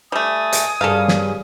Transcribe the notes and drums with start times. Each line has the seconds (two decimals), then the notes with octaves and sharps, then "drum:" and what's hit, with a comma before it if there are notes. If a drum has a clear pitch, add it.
0.12 G3 A3 G#5 D#6
0.53 drum: hi-hat
0.81 G2 C#3 A4 A#4 F5
1.08 drum: snare